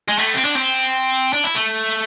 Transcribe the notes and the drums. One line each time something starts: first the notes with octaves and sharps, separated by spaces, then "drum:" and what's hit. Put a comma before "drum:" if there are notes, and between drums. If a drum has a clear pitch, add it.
G#3
A3, drum: cymbal
C4
D4
C4
D4
E4
A3